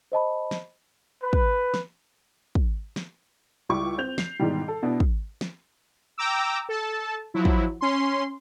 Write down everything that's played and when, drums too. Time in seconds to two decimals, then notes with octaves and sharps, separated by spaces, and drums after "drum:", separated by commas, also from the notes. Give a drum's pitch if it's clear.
0.12 C5 D#5 A5 B5
0.51 drum: snare
1.22 B4
1.33 drum: kick
1.74 drum: snare
2.55 drum: kick
2.96 drum: snare
3.69 C#2 G3 E4 C#6 D6
3.98 C4 G6 F7
4.18 C7 F7, drum: snare
4.40 G#2 B2 D#3 E3 G3
4.68 A4
4.83 B2 B3 D4 E4
5.00 drum: kick
5.41 drum: snare
6.18 G5 A#5 D6 E6
6.69 A4 A5
7.34 F3 F#3 E4
7.45 drum: kick
7.81 C#4 C6